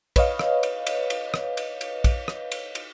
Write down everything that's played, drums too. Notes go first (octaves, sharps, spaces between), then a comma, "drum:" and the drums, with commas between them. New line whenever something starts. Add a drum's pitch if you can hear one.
B4 C#5 D#5 F5, drum: kick, cymbal
drum: rim click
drum: cymbal
drum: cymbal
drum: cymbal
drum: rim click
drum: cymbal
drum: cymbal
drum: kick, cymbal
drum: rim click
drum: cymbal
drum: cymbal